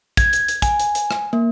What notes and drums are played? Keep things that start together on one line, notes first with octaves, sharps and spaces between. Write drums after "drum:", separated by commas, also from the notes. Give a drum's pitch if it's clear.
G#6, drum: kick, hi-hat
drum: hi-hat
drum: hi-hat
G#5, drum: kick, hi-hat
drum: hi-hat
drum: hi-hat
drum: rim click
A#3